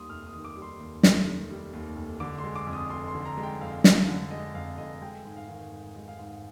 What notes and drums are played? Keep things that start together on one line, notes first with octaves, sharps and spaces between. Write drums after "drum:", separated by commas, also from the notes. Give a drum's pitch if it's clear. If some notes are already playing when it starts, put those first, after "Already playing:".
Already playing: D#2 D#3 G3 C6 D#6
F1 F6
D#6
D#3
D6
G3
C6
D#2
F1, drum: snare
D#3
G3
D#2
F1
D3 D6
C6
G#3
D6
F2
D#6
F1 C6
C6
D3
A#5
G#3
G5
F2 F5
F1, drum: snare
D3
G#3 D#5
F2 F5
F1 D#5
G#3 G5
G#2
F5
D#3
G#2
G#3
F5
G#2